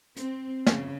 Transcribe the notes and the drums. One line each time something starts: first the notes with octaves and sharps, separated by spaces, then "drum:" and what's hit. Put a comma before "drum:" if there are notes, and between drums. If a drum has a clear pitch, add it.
C4, drum: hi-hat
C#3, drum: snare